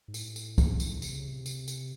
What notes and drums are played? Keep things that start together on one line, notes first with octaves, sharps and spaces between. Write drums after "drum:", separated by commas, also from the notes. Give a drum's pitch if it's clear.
G#2
A2, drum: tambourine
drum: tambourine
drum: kick, tambourine
drum: tambourine
C3, drum: tambourine
C#3
C3
drum: tambourine
drum: tambourine